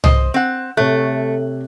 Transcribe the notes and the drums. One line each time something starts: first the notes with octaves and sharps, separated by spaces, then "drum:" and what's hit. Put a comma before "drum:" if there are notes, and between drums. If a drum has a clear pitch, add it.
C5 D#5, drum: tom C2
C4 F#5
C3 A3 C#5 F#6